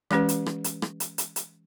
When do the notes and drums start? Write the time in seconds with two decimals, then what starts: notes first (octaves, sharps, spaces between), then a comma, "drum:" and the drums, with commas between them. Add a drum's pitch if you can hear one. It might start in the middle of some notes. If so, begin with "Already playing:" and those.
0.11 E3 G#3 C#4 G4 B4, drum: rim click
0.29 drum: hi-hat
0.46 drum: rim click
0.64 drum: hi-hat
0.82 drum: rim click
1.00 drum: hi-hat
1.18 drum: hi-hat
1.36 drum: hi-hat